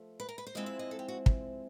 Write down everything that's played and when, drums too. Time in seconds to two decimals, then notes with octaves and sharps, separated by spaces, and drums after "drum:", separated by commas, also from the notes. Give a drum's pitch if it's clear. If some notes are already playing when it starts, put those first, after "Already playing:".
Already playing: F3 A3
0.20 B4
0.29 A#4
0.38 B4
0.47 C5
0.55 F3 G#3 C4 E4 D#5
0.66 E5
0.79 D#5
0.91 A4
0.99 G4
1.08 F#4
1.26 drum: kick